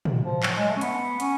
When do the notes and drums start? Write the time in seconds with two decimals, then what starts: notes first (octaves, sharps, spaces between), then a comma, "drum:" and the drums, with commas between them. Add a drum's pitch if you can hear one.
0.05 drum: tom
0.24 F3
0.43 F#3, drum: clap
0.57 G#3
0.69 A3
0.76 C#4
0.81 B3, drum: hi-hat
1.20 C#4, drum: hi-hat